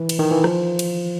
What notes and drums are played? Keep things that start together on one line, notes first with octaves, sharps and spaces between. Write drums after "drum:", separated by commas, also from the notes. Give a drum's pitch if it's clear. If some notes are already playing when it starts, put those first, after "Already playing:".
Already playing: E3
drum: cymbal
D#3
E3
F3, drum: rim click
drum: cymbal